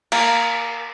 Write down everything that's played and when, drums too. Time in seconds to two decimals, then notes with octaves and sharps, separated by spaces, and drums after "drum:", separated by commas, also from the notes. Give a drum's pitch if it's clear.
0.12 A#3, drum: cymbal